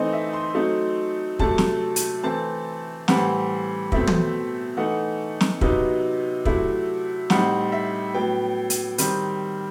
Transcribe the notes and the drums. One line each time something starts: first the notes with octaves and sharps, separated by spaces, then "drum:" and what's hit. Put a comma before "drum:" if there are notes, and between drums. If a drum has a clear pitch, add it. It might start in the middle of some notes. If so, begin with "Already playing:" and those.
Already playing: E3 A3 C4 D#4 C5 D#5
E5
C6
F#3 A3 C4 D#4
C3 F#3 A3 A5, drum: kick
drum: snare
drum: hi-hat
E3 A3 C4 A5
A2 E3 G3 C4 F#5, drum: snare
B2 A3 C4 E5, drum: kick
drum: tom
E3 A3 D#4 F#5
drum: snare
C3 F#3 B3 D#4, drum: kick
C3 F#3 A3 E4, drum: kick
A2 G3 C4 D#4 F#5, drum: snare
E5
A2 F#3 B3 G5
drum: hi-hat
D#3 G3 C4, drum: hi-hat